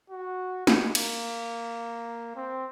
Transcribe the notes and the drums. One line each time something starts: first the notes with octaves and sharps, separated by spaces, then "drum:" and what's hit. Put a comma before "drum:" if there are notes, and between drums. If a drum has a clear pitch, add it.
F#4
G#3, drum: snare
A#3, drum: cymbal
C4